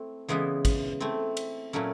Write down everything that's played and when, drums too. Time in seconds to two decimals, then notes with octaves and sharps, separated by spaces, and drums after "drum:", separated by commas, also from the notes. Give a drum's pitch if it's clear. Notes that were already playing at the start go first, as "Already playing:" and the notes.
Already playing: A3 C4 E4
0.28 C#3 E3 G#3 B3 E4
0.65 drum: kick, cymbal
1.00 A3 C4 E4
1.37 drum: cymbal
1.73 A#2 F#3 A3 C#4 E4